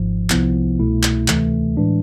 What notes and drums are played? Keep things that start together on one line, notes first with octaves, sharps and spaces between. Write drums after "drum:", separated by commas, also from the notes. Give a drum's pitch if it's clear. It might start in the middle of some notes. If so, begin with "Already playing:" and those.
Already playing: G#1 G#2 F3
C2 C3 F3 B3 E4, drum: clap
C2 B2 A3 E4
drum: clap
D2 C3 E3 A3, drum: clap
A2 E3 G#3 D4